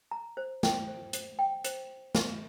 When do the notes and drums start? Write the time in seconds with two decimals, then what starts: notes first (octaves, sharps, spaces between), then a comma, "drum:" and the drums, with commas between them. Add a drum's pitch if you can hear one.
0.11 A#5
0.37 C5
0.63 G5, drum: snare
0.88 C5
1.13 C5, drum: hi-hat
1.39 G5
1.64 C5, drum: hi-hat
2.15 drum: snare